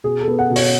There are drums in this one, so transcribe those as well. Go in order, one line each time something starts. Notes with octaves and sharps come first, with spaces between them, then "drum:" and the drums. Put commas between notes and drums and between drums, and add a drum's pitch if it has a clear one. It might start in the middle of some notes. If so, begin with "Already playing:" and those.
B2 G#4
A4
B3
F#5
B2
C#5, drum: open hi-hat